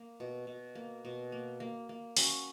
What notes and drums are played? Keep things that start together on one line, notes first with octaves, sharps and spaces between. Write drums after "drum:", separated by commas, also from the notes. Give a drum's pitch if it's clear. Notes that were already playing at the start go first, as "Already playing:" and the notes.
Already playing: A#3
B2
B2
A#3
B2
A#3
A#3
A#3
F#3 C#4, drum: open hi-hat